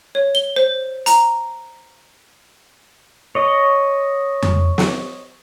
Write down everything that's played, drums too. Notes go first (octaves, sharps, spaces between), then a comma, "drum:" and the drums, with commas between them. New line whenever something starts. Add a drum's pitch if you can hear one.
C#5
G7
C5
A#5, drum: hi-hat
C#5 D#5
drum: tom F2
drum: snare